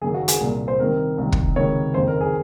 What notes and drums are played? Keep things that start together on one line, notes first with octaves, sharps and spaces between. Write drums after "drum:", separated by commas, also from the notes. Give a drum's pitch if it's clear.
F#1 F#2 D#3 G#4
F#4
G#4, drum: hi-hat
C2 A#2
C5
C2 C3 D#3 A#4
C2 C3 D#3
drum: kick
C#2 C3 D#3 C#5
F#1 F2 D#3 C5
A#4
G#4